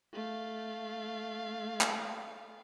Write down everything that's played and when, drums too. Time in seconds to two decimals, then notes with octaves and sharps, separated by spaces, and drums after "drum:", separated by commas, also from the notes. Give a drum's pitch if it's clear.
0.13 A3 F5
1.81 drum: clap